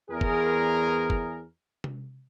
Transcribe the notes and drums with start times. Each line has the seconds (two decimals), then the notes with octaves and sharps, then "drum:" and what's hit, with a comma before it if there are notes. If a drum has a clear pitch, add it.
0.10 E2 G#4 A#4
0.21 drum: kick F#1
1.10 drum: kick F#1
1.84 drum: tom C3